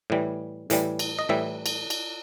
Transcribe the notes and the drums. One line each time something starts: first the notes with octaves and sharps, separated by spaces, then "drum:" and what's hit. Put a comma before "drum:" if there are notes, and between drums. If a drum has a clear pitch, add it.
A2 E3 G3
A2 E3 G3, drum: hi-hat
drum: cymbal
D#5
A2 E3 G3 E5
drum: cymbal
drum: cymbal